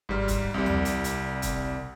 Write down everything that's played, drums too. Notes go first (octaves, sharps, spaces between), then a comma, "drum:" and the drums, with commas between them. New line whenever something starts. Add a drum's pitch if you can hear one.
G#1 G#2 G3 F6
drum: kick, hi-hat
C2 C3 G3
drum: tom D#2
drum: hi-hat
drum: hi-hat
drum: kick, hi-hat